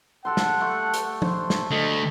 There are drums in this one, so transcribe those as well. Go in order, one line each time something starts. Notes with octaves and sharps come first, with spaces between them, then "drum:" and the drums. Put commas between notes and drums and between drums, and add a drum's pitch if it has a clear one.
G4 A4 F#5 C6
drum: snare
A3 C6
drum: hi-hat
C5, drum: tom F3
drum: snare
D3 A3 D#5